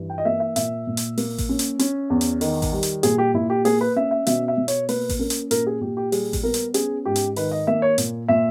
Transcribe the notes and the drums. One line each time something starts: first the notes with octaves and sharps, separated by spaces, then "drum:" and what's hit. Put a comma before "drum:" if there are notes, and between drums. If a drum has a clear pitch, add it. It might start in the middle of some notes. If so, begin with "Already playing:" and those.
Already playing: G2 E3
G5
D#5
A#3 E5
E5
A#2 E5, drum: hi-hat
A#2
drum: hi-hat
A#3, drum: open hi-hat
drum: kick A1, open hi-hat
C#4
drum: hi-hat
C#4, drum: hi-hat
E2
drum: hi-hat
D#3, drum: open hi-hat
drum: kick A1, open hi-hat
G3
drum: hi-hat
A#2 G#4, drum: hi-hat
G4
A#2 E4
G4
A#3 G#4, drum: open hi-hat
B4
C#4 E5
E5
B2 E5, drum: hi-hat
E5
B2
C#5, drum: hi-hat
A#3 B4, drum: open hi-hat
drum: kick A1, open hi-hat
C#4 A#4
drum: hi-hat
A#2 A#4, drum: hi-hat
G#4
A#2 G4
G4
G3 G#4, drum: open hi-hat
drum: kick A1, open hi-hat
B3 A#4
drum: hi-hat
C#4 G#4, drum: hi-hat
G#2 G4
drum: hi-hat
D#3 B4, drum: open hi-hat
D#5
A#3 E5
C#5
A#2, drum: hi-hat
A#2 E5